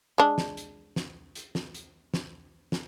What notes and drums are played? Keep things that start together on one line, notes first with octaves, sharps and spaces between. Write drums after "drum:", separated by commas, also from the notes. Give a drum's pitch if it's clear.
G#3 D4
drum: snare
drum: hi-hat
drum: snare
drum: hi-hat
drum: snare
drum: hi-hat
drum: snare
drum: snare